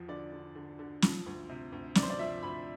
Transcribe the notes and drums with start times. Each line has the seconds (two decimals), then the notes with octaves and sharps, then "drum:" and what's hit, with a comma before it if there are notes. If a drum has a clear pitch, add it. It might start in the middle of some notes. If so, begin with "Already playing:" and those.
Already playing: E2 F3
0.08 D3 D5
0.32 D3
0.55 D3
0.79 D3
1.02 F3, drum: snare
1.26 D2
1.49 C3
1.72 D2
1.95 C3 D5, drum: snare
2.03 C5
2.10 D5
2.19 F3 E5
2.43 D2 B5